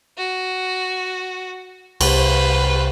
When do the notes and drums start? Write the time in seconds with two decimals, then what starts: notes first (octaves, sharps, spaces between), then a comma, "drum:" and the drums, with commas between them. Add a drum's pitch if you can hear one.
0.17 F#4
2.01 C2 B4 C5, drum: cymbal